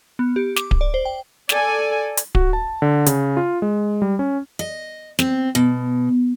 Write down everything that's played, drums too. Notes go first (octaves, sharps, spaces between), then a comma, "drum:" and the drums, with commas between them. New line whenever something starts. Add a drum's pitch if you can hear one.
B3
G4
D6, drum: snare
drum: kick D1
D5
C5
G5
A4 D5 G#5, drum: snare
drum: hi-hat
F#4, drum: kick D1
A5
D3
C#3, drum: hi-hat
F4
G#3
G3
C#4
D#5
C4, drum: snare
B2